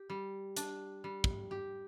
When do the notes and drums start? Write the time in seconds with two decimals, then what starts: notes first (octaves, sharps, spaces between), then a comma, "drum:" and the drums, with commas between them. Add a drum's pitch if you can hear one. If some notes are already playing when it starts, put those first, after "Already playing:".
Already playing: G4
0.10 G3
0.57 D4, drum: hi-hat
1.04 G3
1.24 drum: kick
1.51 G4